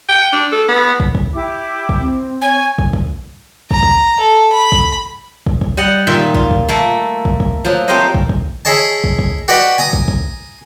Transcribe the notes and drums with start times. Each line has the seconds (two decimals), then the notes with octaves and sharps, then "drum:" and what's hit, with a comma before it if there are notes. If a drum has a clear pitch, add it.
0.09 G5
0.33 D4
0.52 A4
0.68 B3
1.00 drum: kick
1.15 drum: kick
1.34 E4 G4 D6
1.89 drum: kick
1.98 C4
2.41 C#5 G#5
2.78 drum: kick
2.93 drum: kick
3.71 A#5, drum: kick
3.83 drum: kick
4.20 A4
4.52 B5
4.72 drum: kick
5.46 drum: kick
5.61 drum: kick
5.77 G3 D#5 F#5
6.07 A#2 D#3 F4 E5
6.34 F4, drum: kick
6.51 drum: kick
6.68 A3 A#3 A4
7.25 drum: kick
7.40 drum: kick
7.65 F3 F#3
7.88 A3 C4 G4 A#4 C5 D#5
8.14 drum: kick
8.29 drum: kick
8.65 E4 G#4 C#5 D#5 A5
9.04 drum: kick
9.19 drum: kick
9.48 F#4 G4 B4 D5 D#5 F#5
9.78 G#5 A#5 D#6
9.93 drum: kick
10.08 drum: kick